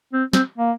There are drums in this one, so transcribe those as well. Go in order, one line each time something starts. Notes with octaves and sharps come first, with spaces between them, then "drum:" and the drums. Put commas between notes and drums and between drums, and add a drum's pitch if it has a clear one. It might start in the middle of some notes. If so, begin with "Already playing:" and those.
C4
C4, drum: snare
A#3